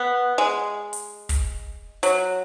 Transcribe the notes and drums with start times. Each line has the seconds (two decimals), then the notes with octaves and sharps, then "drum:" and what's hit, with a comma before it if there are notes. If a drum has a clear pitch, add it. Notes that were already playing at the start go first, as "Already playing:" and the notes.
Already playing: B3
0.38 G#3
0.93 drum: hi-hat
1.29 drum: kick, hi-hat
2.03 F#3, drum: hi-hat